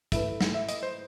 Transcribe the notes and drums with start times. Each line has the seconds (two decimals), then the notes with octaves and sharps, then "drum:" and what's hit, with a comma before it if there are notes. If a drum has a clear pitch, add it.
0.12 A3 E4 B4 E5, drum: kick, hi-hat
0.41 drum: snare
0.54 E5
0.69 D#5, drum: hi-hat
0.83 C5